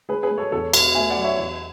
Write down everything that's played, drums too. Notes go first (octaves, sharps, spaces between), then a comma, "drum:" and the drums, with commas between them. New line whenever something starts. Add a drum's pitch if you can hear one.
G#3 G#4 B4
G#4 B4
G#3
A4 C#5
E2 A4 C#5
E1, drum: cymbal
A3 E5 G#5
D5 F#5
F#3
C#5 E5
E2